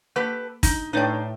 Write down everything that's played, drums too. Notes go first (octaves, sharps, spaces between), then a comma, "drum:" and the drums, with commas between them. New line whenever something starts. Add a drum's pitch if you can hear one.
A#3 G4 A4 B4
D#4, drum: kick, hi-hat
A2 D#4 B4 C#5 D5 G5